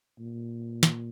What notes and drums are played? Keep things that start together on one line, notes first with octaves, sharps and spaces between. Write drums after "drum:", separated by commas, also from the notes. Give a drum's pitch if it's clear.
A#2
drum: snare